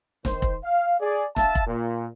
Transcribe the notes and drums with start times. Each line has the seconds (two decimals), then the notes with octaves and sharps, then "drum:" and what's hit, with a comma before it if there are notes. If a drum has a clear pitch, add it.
0.25 D#3 C5, drum: snare E1
0.42 drum: kick
0.65 F5
1.00 G#4 D5
1.36 E5 F5 A5, drum: snare E1
1.55 drum: kick
1.67 A#2